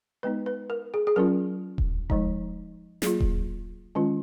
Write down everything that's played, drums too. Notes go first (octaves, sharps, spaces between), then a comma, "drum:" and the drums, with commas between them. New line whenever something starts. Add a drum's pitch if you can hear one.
G#3 B3 D#4 B4
B4
A#4
G#4
G#4
F#3 C#4 F4 A#4
drum: kick D#1
F3 G#3 D#4, drum: kick D#1
F#3 A#3 F4 G#4, drum: snare
drum: kick D#1
D#3 G#3 C#4 F4